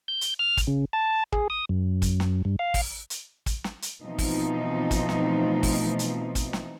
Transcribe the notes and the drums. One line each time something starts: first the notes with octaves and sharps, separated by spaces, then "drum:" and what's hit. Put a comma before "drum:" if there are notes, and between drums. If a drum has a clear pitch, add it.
G6
drum: hi-hat
F6
drum: kick, hi-hat
C#3
A5
G#4, drum: kick
D#6
F#2
drum: kick, hi-hat
drum: snare
G2
F5
drum: kick, open hi-hat
drum: hi-hat
drum: kick, hi-hat
drum: snare
drum: hi-hat
B2 E3 F3 A3 C4 D#4
drum: kick, open hi-hat
drum: kick, hi-hat
drum: snare
drum: kick, open hi-hat
drum: hi-hat
drum: kick, hi-hat
drum: snare